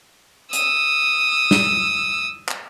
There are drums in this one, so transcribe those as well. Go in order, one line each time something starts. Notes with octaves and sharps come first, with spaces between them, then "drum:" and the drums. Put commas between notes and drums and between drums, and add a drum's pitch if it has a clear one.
D#6 E6, drum: hi-hat
drum: snare
drum: clap